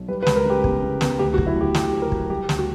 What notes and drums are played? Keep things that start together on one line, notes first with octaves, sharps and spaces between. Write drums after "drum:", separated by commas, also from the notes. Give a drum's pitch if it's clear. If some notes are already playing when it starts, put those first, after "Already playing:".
Already playing: B1
G3 B4
B4
C#2, drum: snare
A#4
C#3 G4
B3, drum: kick
C#3
B3, drum: snare
D2 G4
F#4
F#3, drum: kick
E4
D2 G4
D2 G4, drum: snare
D2
A#4
F#3, drum: kick
G3 G4
D2, drum: snare
F#4